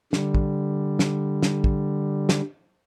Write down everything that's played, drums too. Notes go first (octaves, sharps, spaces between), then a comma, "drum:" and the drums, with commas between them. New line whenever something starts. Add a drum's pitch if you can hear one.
D3 G3, drum: snare
drum: kick
drum: snare
drum: snare
drum: kick
drum: snare